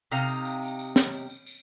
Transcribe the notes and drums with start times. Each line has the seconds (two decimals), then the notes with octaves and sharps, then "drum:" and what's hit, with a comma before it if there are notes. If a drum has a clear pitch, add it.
0.11 C3 D#4 F5, drum: tambourine
0.28 drum: tambourine
0.45 drum: tambourine
0.62 drum: tambourine
0.79 drum: tambourine
0.96 drum: snare
1.13 drum: tambourine
1.30 drum: tambourine
1.47 drum: tambourine